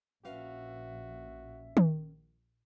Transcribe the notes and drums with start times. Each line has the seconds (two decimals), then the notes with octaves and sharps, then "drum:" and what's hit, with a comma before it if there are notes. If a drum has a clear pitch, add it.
0.25 A#1 C#4 F#4 B4 E5 F5
1.77 drum: tom D#3